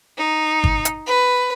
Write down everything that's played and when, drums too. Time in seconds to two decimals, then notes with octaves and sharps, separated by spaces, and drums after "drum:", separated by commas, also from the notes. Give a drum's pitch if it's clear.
0.18 D#4
0.64 drum: kick G1
0.85 drum: hi-hat
1.07 B4